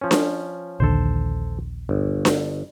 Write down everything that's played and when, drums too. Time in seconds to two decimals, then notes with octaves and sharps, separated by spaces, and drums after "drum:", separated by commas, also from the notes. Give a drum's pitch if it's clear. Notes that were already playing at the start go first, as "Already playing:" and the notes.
0.01 F3 C#4
0.11 drum: snare D4
0.80 A#1 D#2 D3 A4 C5
1.89 G1
2.25 drum: snare D4